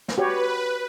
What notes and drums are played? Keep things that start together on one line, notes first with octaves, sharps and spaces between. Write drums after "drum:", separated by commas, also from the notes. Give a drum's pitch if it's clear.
drum: snare
F#4 G4 B4 C#5